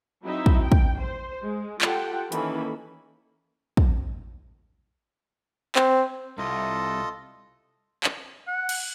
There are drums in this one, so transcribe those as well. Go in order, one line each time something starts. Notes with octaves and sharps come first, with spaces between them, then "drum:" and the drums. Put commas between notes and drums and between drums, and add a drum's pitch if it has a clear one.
F#3 C4 D#4 E4 E5
drum: kick
G5
drum: kick
C5
G#3
F4 G4 A4 F#5 G5, drum: clap
D#3 E3 A#3 C#4 A4 B5, drum: hi-hat
drum: kick
C4, drum: clap
C2 F4 A4 D#5
drum: clap
F#5
drum: cymbal